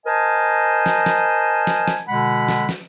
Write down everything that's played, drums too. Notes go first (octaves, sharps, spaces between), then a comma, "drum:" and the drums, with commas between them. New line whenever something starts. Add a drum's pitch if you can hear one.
A#4 C5 D#5 G#5 A5
drum: snare
drum: snare
drum: snare
drum: snare
B2 D3 G#3 F#5 B5
drum: snare
drum: snare